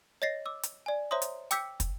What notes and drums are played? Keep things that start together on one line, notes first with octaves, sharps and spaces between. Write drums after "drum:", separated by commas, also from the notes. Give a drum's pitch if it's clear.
C#5 D#5 A6 A#6 C7
D6 E6
drum: hi-hat
D5 G#5
C5 C#5 E5 A#5 C6 D#6
drum: hi-hat
G5 D6 E6 G6 B6 C#7, drum: hi-hat
drum: kick, hi-hat